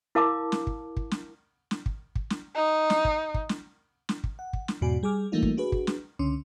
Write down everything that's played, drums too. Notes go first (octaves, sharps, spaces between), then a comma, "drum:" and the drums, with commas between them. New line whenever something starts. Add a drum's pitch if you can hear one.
E4 A#4 F5 A5 A#5 D6
drum: snare
drum: kick
drum: kick
drum: snare
drum: snare
drum: kick
drum: kick
drum: snare
D#4
drum: snare
drum: kick
drum: kick
drum: snare
drum: snare
drum: kick
F#5
drum: kick
drum: snare
E2 G#2 B2 F#4 D5 G#5
G3 G#4 G#5 D6 F6
E3 G3 A3 A#3 D#4 F4
drum: kick
D4 F#4 G#4 B4
drum: kick
drum: snare
C#2 D3 C#4 C6